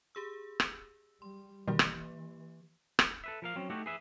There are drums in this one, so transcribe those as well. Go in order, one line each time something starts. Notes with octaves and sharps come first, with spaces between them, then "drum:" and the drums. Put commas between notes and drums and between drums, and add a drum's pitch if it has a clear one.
G4 G#4 E6
drum: rim click
G3 C6
B2 D#3 E3 G3 A#3 G4
drum: rim click
drum: rim click
A4 B4 E5
F3 A#4 F5
F#3 C4 C#4
A3 D#4 E4 F#4 G4 A4
G#4 B4 E5